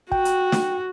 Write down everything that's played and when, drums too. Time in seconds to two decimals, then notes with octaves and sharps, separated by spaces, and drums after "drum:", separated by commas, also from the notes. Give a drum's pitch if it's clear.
0.12 F#4 G5, drum: kick
0.25 drum: hi-hat
0.52 drum: snare